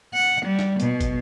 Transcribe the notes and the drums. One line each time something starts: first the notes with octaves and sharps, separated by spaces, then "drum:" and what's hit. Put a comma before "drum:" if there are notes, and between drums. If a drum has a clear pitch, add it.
F#5
G3
drum: snare
B2, drum: hi-hat
drum: kick, hi-hat